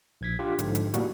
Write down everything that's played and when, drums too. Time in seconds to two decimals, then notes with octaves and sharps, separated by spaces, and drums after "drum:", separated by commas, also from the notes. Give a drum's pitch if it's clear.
0.21 A#1 G#6 B6
0.39 D4 F4 G4
0.59 G#2 D3 F3, drum: hi-hat
0.75 drum: hi-hat
0.94 A2 G3 A#3 F#4, drum: hi-hat